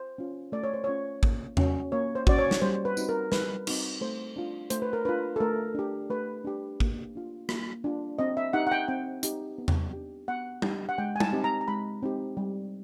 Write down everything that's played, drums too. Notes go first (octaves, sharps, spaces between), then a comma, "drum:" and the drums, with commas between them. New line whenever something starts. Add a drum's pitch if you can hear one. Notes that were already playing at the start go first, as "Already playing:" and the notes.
Already playing: C5
C#4 F4
A3 D5
C#5
C5
C#4 F4 C#5
A#3, drum: kick G#1
C#4 F#4, drum: tom E2
A#3 C#5
C5
C#4 F#4 D5, drum: kick G#1
C#5
drum: snare
G3 C5
B4
C4 D#4 F#4, drum: tambourine
A#4
G3 B4, drum: snare
C4 D#4 F#4, drum: cymbal
A3 C5
D4 F4
A3 C5, drum: hi-hat
B4
A#4
D4 F4 B4
A4
A3 A#4
D4 G4
A3 B4
D4 G4
A#3, drum: kick G#1
D4 F4
A#3, drum: rim click
D4 F4
C4 D#5
E5
D#4 G4 F#5
F#5
G5
C4 G5
D#4 G4, drum: hi-hat
B3
drum: tom E2
D4 G4
B3 F#5
D4 G4, drum: tom
F#5
G#3 G5
G#5
A5, drum: tom
C4 D#4 G4
A#5
A#5
G#3 B5
C4 D#4 G4
G3